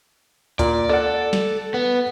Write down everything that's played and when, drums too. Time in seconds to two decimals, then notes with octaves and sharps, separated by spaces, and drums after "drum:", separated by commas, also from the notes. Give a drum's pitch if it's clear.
0.59 A#2 D5, drum: kick D2, hi-hat
0.89 A4 D5 F#5
1.33 drum: snare
1.74 B3